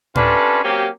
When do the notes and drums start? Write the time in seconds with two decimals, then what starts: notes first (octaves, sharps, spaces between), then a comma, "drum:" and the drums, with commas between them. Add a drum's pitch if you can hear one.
0.15 C3 C#4 D4 F4 A4 B4, drum: tom A2
0.64 F#3 A#3 C4 C#4 G4